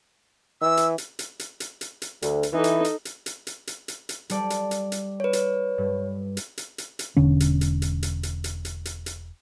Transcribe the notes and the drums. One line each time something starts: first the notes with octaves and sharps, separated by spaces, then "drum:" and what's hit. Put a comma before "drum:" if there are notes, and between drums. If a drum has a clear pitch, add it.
E3 E6
drum: hi-hat
drum: hi-hat
drum: hi-hat
drum: hi-hat
drum: hi-hat
drum: hi-hat
drum: hi-hat
D2, drum: hi-hat
drum: hi-hat
E3 D#4 A4
drum: hi-hat
drum: hi-hat
drum: hi-hat
drum: hi-hat
drum: hi-hat
drum: hi-hat
drum: hi-hat
drum: hi-hat
G3 A4 D5, drum: hi-hat
drum: hi-hat
drum: hi-hat
drum: hi-hat
B4 C#5
drum: hi-hat
G2
drum: hi-hat
drum: hi-hat
drum: hi-hat
drum: hi-hat
E1 D3 C#4
drum: hi-hat
drum: hi-hat
drum: hi-hat
drum: hi-hat
drum: hi-hat
drum: hi-hat
drum: hi-hat
drum: hi-hat
drum: hi-hat